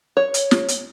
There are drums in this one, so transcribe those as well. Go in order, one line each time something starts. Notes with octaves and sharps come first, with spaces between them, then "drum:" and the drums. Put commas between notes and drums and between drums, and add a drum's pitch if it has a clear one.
C#5
drum: hi-hat
drum: snare
drum: hi-hat